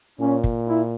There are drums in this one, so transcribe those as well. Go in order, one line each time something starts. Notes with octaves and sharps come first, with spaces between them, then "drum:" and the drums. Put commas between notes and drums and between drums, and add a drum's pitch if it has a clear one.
A#2 C#4
drum: kick
E4